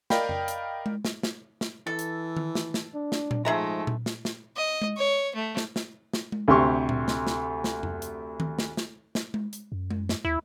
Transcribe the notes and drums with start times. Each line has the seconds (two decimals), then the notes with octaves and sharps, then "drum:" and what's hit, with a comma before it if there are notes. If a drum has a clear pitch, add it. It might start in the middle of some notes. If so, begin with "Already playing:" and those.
0.10 A#4 D5 D#5 F5 G5 B5, drum: snare
0.29 drum: tom F2
0.48 drum: hi-hat
0.86 drum: tom G#3
1.05 drum: snare
1.23 drum: snare
1.61 drum: snare
1.87 E3 A4
1.99 drum: hi-hat
2.37 drum: tom D#3
2.55 drum: snare
2.74 drum: snare
2.94 D4
3.12 drum: snare
3.31 drum: tom A#2
3.45 G#2 F3 G#3 A3 G#4 E5 A#5
3.87 drum: tom A#2
4.06 drum: snare
4.25 drum: snare
4.56 D#5
4.82 drum: tom G#3
4.97 C#5
5.35 A3
5.57 drum: snare
5.76 drum: snare
6.14 drum: snare
6.32 drum: tom G#3
6.48 D2 C3 G4 C6 C#6
6.89 drum: tom A#2
7.08 drum: snare
7.27 drum: snare
7.64 drum: snare
7.83 drum: tom F2
8.02 drum: hi-hat
8.40 drum: tom D#3
8.59 drum: snare
8.77 drum: snare
9.15 drum: snare
9.34 drum: tom G#3
9.53 drum: hi-hat
9.72 F#2
9.91 drum: tom G#3
10.09 drum: snare
10.25 D#2 E4